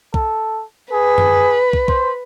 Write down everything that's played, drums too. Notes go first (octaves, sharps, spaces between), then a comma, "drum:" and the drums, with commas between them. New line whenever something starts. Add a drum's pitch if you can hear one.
A4, drum: kick
G#4 B4
drum: tom F#2
drum: kick
C5, drum: kick